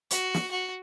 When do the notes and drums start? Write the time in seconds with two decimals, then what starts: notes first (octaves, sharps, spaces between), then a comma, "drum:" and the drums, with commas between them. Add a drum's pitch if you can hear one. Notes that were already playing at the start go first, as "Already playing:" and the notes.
0.10 F#4, drum: hi-hat
0.34 drum: snare
0.51 F#4